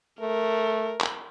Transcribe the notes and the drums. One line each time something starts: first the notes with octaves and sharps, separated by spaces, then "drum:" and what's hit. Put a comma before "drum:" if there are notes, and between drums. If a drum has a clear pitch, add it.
A3 A#4
drum: clap